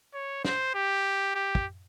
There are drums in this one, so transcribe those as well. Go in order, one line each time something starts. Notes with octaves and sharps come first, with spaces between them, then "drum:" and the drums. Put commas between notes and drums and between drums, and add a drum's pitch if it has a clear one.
C#5
C5, drum: snare
G4
G4
drum: kick